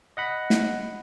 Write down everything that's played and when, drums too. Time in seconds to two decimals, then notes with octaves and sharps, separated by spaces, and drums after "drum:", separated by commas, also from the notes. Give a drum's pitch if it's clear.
0.17 D#5 F#5 B5
0.50 drum: snare